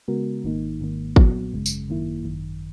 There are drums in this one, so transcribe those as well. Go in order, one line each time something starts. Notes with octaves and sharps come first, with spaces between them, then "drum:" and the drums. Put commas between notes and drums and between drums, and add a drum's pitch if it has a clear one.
C#3 G#3 B3 F#4 A#4
G#1 G#2 D#3 A#3 D#4
G#1 G#2 D#3 A#3
B1 A#2 F#3 B3 F#4, drum: kick
G#1 F#2 C#3 G#3
drum: tambourine
G#1 F#2 D#3 A#3 E4
G#1 F#2 D#3